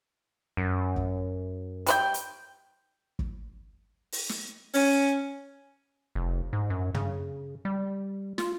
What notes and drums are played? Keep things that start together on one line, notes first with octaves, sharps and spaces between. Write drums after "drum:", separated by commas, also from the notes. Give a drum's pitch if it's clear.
F#2
drum: kick
G3 B4 G5, drum: hi-hat
drum: hi-hat
drum: kick
drum: open hi-hat
drum: snare
C#4, drum: open hi-hat
F1
G#2
F#2
C#3, drum: tom
G3
F4, drum: snare